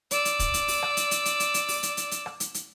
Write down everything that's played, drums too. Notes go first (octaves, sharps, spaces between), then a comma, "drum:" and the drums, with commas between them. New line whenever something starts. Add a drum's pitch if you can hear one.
D5 E6, drum: hi-hat
drum: hi-hat
drum: kick, hi-hat
drum: hi-hat
drum: open hi-hat
drum: rim click
drum: hi-hat
drum: hi-hat
drum: hi-hat
drum: hi-hat
drum: hi-hat
drum: open hi-hat
drum: hi-hat
drum: hi-hat
drum: hi-hat
drum: rim click
drum: hi-hat
drum: hi-hat